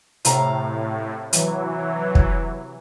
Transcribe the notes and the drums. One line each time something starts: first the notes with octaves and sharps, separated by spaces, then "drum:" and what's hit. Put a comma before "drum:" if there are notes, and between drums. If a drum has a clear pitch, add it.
A2 C3 F5 A#5, drum: hi-hat
E3 F#3, drum: hi-hat
drum: kick